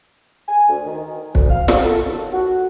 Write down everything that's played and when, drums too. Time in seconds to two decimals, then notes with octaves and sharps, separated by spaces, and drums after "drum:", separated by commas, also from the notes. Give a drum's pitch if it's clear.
0.47 G#5
0.68 D2
0.85 D#3
1.35 D2, drum: kick
1.49 F5
1.68 F#4, drum: snare
1.83 A4
2.06 D#2
2.33 F#4